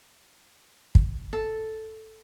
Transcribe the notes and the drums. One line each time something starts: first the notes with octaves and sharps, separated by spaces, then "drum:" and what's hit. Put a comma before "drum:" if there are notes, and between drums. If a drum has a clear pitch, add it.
drum: kick
A4